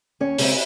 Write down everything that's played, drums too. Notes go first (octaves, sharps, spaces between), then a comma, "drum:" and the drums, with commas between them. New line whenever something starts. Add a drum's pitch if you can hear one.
D#2 C#4 C#5
C#3 G#3 C4, drum: open hi-hat